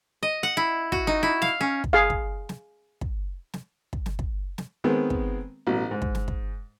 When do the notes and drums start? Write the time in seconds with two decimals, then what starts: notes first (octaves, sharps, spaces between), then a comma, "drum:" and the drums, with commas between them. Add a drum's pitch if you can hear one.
0.23 D#5
0.43 F#5
0.57 E4
0.92 F#4, drum: kick
1.07 D#4
1.23 E4
1.42 F5, drum: snare
1.61 C#4
1.84 drum: kick
1.93 G#4 F5
2.10 drum: kick
2.49 drum: snare
3.01 drum: kick
3.54 drum: snare
3.93 drum: kick
4.06 drum: snare
4.19 drum: kick
4.58 drum: snare
4.84 D#3 G#3 B3 C4
5.10 drum: kick
5.67 A1 B2 F#3
5.91 G#2
6.02 drum: kick
6.15 drum: snare
6.28 drum: kick